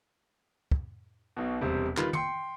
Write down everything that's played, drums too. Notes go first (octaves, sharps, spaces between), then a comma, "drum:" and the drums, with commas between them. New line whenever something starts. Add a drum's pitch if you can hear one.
drum: kick
B1 B2
E1 C3 G3 C5
D#3 G3 F4 B4, drum: clap
G5 C6 C#7, drum: tom